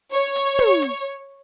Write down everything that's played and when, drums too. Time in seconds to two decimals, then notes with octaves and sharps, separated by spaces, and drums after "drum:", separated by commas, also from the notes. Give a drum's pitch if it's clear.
0.12 C#5
0.36 drum: hi-hat
0.59 drum: tom
0.82 drum: hi-hat